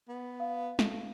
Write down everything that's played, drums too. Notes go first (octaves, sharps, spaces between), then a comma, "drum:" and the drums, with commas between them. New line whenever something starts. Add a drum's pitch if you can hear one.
B3
F5
A3, drum: snare